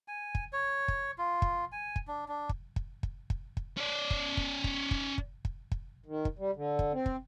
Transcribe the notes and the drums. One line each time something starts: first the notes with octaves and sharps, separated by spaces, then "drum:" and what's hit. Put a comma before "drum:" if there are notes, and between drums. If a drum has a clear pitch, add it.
G#5
drum: kick
C#5
drum: kick
F4
drum: kick
G#5
drum: kick
D4
D4
drum: kick
drum: kick
drum: kick
drum: kick
drum: kick
C#4 D5
drum: kick
drum: kick
drum: kick
drum: kick
drum: kick
drum: kick
drum: kick
D#3
drum: kick
G3
D3
drum: kick
C4
drum: kick